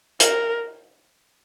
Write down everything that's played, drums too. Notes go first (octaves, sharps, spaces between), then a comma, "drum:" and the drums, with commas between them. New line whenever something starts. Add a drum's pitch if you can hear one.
A#4, drum: hi-hat